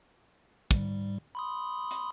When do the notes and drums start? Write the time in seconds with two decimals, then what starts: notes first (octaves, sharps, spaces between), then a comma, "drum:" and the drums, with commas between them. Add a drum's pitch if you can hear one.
0.71 G#2 G3, drum: kick, hi-hat
1.35 B5 C6 D#6
1.91 drum: hi-hat